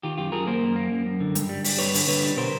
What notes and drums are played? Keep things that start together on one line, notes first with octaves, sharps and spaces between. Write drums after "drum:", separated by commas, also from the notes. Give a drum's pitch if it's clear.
D#3 F4 G4
F#2 F4 G4
F#2 G#4 A#4
A#3 A#4 C5
F#2
A#3
F#2
F#2
D3
G2, drum: hi-hat
G3
G3, drum: open hi-hat
G2 B4 C#5
D3, drum: open hi-hat
D3 B4 C#5
G3
B2 A#4 C5